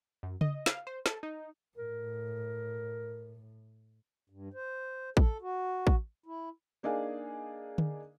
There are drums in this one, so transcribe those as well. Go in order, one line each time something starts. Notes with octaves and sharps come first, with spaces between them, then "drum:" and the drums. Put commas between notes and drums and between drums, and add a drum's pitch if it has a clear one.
F#2
D#5, drum: tom C#3
F5, drum: snare
C5
A4, drum: snare
D#4
A2 A#4
G2
C5
A4, drum: kick
F#4
drum: kick
E4
A#3 D4 D#4 G#4 F5
drum: tom D3